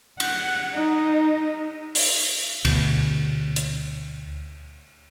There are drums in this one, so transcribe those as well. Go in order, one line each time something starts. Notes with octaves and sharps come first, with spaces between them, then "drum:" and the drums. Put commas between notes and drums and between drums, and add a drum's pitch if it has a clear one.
F#5, drum: cymbal
D#4
drum: open hi-hat
D2 B2, drum: cymbal
drum: hi-hat